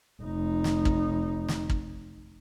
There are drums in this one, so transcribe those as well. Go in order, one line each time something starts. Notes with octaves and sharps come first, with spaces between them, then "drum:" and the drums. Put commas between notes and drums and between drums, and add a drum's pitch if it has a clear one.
F1 D#4
drum: snare
drum: kick
drum: snare
drum: kick